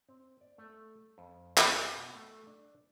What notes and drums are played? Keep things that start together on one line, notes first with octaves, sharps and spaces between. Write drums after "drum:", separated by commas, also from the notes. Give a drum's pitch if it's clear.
C4
D5
A3
F2
drum: clap
B2
A3
D4